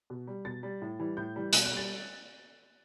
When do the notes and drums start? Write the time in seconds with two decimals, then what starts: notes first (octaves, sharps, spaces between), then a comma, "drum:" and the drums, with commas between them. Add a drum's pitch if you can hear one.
0.10 B2
0.27 G3
0.45 B2 A6
0.63 G3
0.82 A2
0.99 E3 G3
1.17 A2 G6
1.36 E3 G3
1.53 B2 F#6, drum: hi-hat
1.65 F#6
1.72 G3
1.77 A6